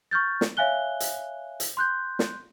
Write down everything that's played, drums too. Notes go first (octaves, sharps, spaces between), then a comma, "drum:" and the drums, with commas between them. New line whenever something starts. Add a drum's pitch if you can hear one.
C#6 F6 G6 A6
drum: snare
C#5 E5 F5 G#5 F#6 G7
drum: hi-hat
drum: hi-hat
C6 F#6 G6
drum: snare